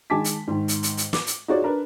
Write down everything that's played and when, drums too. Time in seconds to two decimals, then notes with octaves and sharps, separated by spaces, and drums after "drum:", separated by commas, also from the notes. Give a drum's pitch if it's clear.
0.10 D#3 G#3 G#5 A5 D6 B6
0.24 drum: hi-hat
0.47 G#2 D#3
0.68 drum: hi-hat
0.83 drum: hi-hat
0.97 drum: hi-hat
1.13 D6, drum: snare
1.27 drum: hi-hat
1.48 D#4 F4 F#4 G#4 C#5 D5
1.62 D4 A#4 B4